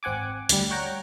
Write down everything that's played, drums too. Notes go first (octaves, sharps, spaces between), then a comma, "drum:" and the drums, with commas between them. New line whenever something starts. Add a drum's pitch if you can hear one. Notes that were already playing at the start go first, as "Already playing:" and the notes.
G#1 C4 F#5 G#5 D6
D2 G3, drum: hi-hat
C#5 F#5 G5 A#5